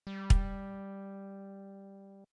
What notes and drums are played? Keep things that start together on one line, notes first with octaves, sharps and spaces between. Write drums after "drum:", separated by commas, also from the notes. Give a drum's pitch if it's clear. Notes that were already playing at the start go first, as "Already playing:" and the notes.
G3
drum: kick